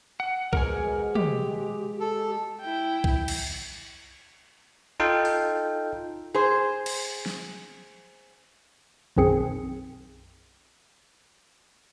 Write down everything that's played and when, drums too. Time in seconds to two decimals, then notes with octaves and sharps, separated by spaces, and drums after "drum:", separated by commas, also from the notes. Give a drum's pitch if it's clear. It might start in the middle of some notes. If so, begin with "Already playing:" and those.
0.20 F#5
0.53 G#2 B2 F3 A#4 F#5 G#5, drum: kick B1
1.15 G#3 G4, drum: tom
2.00 A4
2.61 E4 G5
3.04 drum: kick B1
3.28 drum: cymbal
5.00 D#4 F4 A4 F5 G5
5.25 drum: open hi-hat
6.34 G#4 C5
6.86 drum: cymbal
7.26 drum: snare
9.17 B1 F#2 D#3 C4 G#4 C#7